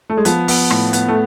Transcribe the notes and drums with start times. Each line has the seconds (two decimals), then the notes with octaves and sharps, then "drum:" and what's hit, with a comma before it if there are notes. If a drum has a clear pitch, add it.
0.10 A3
0.17 G#3
0.25 F3 B3, drum: hi-hat
0.48 B3, drum: open hi-hat
0.70 A2, drum: rim click
0.93 B3, drum: hi-hat
1.08 A3